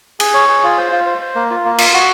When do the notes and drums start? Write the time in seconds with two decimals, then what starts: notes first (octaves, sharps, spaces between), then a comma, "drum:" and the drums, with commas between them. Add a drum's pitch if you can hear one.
0.20 G#4, drum: cymbal
0.34 C#5
0.48 G#4
0.64 F4
0.78 C5
0.92 F4
1.06 C5
1.22 C5
1.35 A#3
1.51 F4
1.65 A#3
1.78 F4, drum: cymbal
1.93 F#4